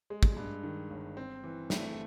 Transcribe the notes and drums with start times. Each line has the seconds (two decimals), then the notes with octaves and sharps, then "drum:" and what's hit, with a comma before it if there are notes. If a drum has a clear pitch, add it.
0.10 G#3
0.23 drum: kick
0.37 G2
0.63 D#3
0.90 G1
1.17 C4
1.44 E3
1.70 A3, drum: snare